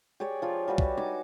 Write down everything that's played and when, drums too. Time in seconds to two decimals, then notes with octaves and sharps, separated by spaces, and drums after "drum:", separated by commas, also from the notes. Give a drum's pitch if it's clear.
0.20 G4 G#4 C#5 D5
0.42 F3 F4
0.68 G3 F#4 B4 E5
0.78 drum: kick
0.97 D#4 B4 G#5 D6